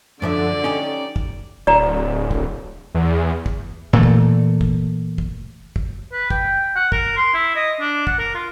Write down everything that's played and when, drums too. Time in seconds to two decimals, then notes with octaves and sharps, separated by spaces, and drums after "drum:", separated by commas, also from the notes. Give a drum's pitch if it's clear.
0.22 F#2 D3 F3 D5 E5
0.64 C#4 D#4 G4
1.16 drum: kick
1.67 D1 D5 A#5
2.31 drum: kick
2.95 E2
3.46 drum: kick
3.93 A#2 E3 A3
4.03 drum: kick
4.61 drum: kick
5.18 drum: kick
5.76 drum: kick
6.12 B4
6.30 G5, drum: kick
6.76 F#5
6.92 A#4, drum: kick
7.17 C6
7.34 E4
7.55 D#5
7.80 D4
8.07 F#5, drum: kick
8.19 A#4
8.35 F4